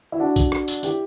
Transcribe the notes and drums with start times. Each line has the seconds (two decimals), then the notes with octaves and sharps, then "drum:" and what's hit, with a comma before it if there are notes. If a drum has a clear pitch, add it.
0.12 E4
0.20 D4 F#4
0.36 drum: kick B1, tambourine
0.52 drum: rim click
0.68 drum: tambourine
0.83 E4 G4, drum: tambourine